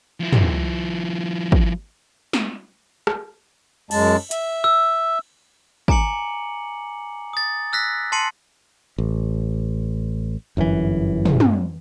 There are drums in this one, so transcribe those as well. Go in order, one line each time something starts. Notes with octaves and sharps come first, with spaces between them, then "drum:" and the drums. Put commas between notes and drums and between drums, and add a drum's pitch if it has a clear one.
F3 E4
drum: tom
drum: kick
drum: snare
drum: rim click
F#2 G#3 A5, drum: cymbal
E5, drum: hi-hat
E6
G#5 A#5 D6 C#7 F#7, drum: kick
D#6 A6
E6 F#6 A#6 B6
A5 C6 C7 C#7 D#7 F#7
A1
G1 F#2 D3 E3
drum: tom
drum: tom